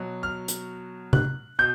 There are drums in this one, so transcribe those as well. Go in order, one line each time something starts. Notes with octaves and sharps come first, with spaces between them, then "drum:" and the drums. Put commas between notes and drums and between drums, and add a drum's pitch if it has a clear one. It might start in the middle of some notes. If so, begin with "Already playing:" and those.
Already playing: B2 F#3
F6
drum: hi-hat
F#6, drum: tom C3
B2 G6